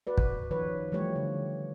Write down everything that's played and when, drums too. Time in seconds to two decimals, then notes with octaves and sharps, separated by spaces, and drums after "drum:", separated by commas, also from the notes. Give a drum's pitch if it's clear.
0.07 F#4 B4 D5
0.18 drum: kick
0.51 D#3 F3 B4 C#5
0.92 E3 F3 G3 A3 G4 C#5
1.16 D3